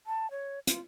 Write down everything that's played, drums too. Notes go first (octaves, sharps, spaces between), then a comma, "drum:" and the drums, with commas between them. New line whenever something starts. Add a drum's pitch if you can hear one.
A5
C#5
F4, drum: hi-hat